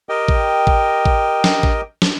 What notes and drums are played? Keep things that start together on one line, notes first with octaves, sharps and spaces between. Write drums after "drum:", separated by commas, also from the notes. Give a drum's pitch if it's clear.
G4 A#4 D#5 G5
drum: kick A1
drum: kick A1
drum: kick A1
drum: snare
drum: kick A1
drum: snare